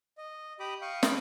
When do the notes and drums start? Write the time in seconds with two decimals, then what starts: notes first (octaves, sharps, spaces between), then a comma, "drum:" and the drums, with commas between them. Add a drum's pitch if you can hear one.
0.18 D#5
0.60 G4 D#5 B5 D6 D#6
0.82 F5 G5 C#6 D#6
1.03 D#5 F5 G5 B5, drum: snare